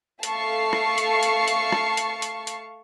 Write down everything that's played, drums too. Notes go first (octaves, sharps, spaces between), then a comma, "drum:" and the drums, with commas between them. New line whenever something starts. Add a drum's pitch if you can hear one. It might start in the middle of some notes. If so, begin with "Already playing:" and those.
A3 F5 A5 C#6 C7, drum: hi-hat
drum: rim click
drum: hi-hat
drum: hi-hat
drum: hi-hat
drum: rim click
drum: hi-hat
drum: hi-hat
drum: hi-hat